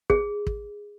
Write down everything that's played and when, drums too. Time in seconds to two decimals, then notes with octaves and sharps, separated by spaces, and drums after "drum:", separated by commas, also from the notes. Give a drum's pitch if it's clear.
0.10 G#4, drum: kick
0.47 drum: kick